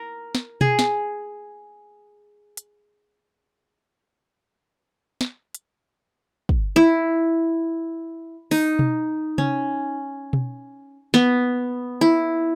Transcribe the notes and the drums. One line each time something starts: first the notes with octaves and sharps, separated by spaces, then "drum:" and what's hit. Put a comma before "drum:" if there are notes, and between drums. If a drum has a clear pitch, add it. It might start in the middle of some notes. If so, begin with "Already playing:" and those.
Already playing: A#4
drum: snare
G#4, drum: tom B2
drum: snare
drum: hi-hat
drum: snare
drum: hi-hat
drum: kick
E4
D#4, drum: open hi-hat
drum: tom B2
C#4, drum: tom C3
drum: tom B2
B3, drum: snare
E4